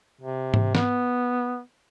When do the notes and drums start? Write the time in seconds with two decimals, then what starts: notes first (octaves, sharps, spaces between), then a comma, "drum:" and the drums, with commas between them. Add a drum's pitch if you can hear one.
0.21 C3
0.54 drum: tom G#2
0.75 B3, drum: snare